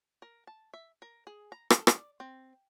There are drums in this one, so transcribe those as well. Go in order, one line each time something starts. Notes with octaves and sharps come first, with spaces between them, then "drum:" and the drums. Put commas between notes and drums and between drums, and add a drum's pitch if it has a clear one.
A#4
A5
E5
A#4
G#4
A#5
A4, drum: rim click
D5, drum: rim click
C4